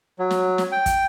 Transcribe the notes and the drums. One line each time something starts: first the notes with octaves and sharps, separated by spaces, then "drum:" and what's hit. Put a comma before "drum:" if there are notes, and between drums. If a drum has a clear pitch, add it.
F#3
drum: snare
drum: snare
G5
drum: kick, hi-hat